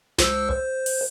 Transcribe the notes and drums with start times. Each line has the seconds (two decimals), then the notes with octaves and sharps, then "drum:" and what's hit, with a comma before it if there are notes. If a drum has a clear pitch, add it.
0.18 C#2 C5 E6, drum: snare
0.51 C5
0.86 drum: open hi-hat